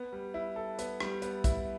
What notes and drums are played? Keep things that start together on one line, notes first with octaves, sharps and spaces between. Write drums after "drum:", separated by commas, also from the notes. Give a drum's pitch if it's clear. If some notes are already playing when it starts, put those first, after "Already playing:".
Already playing: B3
G3
E4
A4
B3, drum: hi-hat
G3, drum: rim click
B3, drum: hi-hat
E4, drum: kick, hi-hat